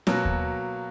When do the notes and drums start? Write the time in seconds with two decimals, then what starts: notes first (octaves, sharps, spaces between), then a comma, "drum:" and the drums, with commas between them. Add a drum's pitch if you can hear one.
0.07 B2 F#3 A#3, drum: snare
0.25 drum: kick D#2